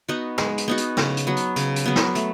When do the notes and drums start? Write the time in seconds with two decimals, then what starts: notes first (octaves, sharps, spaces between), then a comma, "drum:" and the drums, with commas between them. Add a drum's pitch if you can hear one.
0.08 B3 D#4 F#4
0.38 G#3, drum: snare
0.58 drum: hi-hat
0.68 B3 D#4 F#4
0.77 drum: hi-hat
0.97 C#3, drum: snare
1.17 drum: hi-hat
1.27 F#3 B3
1.37 drum: hi-hat
1.56 C#3, drum: hi-hat
1.76 drum: hi-hat
1.86 F#3 B3
1.96 drum: snare
2.15 A3, drum: hi-hat